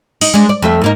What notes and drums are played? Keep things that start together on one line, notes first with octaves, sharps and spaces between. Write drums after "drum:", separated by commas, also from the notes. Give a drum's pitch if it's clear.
D#4, drum: open hi-hat
G#3 D4
D5
F2 A3 E5
G#2 A#3 D#4